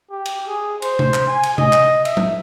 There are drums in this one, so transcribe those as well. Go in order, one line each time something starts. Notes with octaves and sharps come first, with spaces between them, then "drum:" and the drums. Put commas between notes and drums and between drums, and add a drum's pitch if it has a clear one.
G4
drum: cymbal
G#4
C5, drum: cymbal
drum: tom C3
drum: clap
G#5
drum: cymbal
D#5, drum: tom C3
drum: clap
E5, drum: cymbal
drum: tom F#3